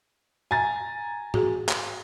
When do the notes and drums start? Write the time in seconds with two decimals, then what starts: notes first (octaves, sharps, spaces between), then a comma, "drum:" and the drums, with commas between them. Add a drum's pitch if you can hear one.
0.51 G#5 A#5 A6
1.34 F#4 G#4, drum: tom G#2
1.69 drum: clap